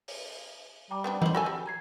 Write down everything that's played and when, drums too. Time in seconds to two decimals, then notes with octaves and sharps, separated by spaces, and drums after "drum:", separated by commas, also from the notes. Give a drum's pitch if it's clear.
0.08 drum: open hi-hat
0.91 G3 G5 A#5 D6
1.04 B3 C4 D4
1.22 D#4 C5 F#5 F#7, drum: tom E3
1.35 F#4 A4 G5 G#5 E6
1.46 G3
1.66 A#5 G#6 C7